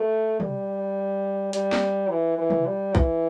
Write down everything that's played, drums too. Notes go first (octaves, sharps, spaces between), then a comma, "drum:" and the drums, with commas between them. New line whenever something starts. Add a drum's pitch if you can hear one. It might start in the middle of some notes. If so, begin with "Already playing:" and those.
Already playing: A3
G3, drum: tom
G3, drum: hi-hat
drum: snare
E3
E3
drum: tom
G3
E3, drum: kick